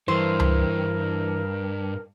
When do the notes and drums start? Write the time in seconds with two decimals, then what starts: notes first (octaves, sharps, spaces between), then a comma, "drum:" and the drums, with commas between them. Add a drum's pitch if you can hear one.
0.08 G2 E3 A#4 C5
0.40 drum: tom C#2